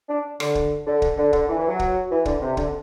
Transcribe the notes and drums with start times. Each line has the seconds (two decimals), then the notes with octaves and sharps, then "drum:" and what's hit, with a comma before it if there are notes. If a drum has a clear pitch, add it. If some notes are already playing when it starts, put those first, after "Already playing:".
0.09 D4
0.40 D3, drum: rim click
0.55 drum: kick
0.86 D3
1.02 drum: kick
1.17 D3
1.33 D3, drum: kick
1.49 E3
1.59 E3
1.69 F#3
1.80 drum: kick
2.10 E3
2.26 D3, drum: kick
2.42 C3
2.57 D3, drum: kick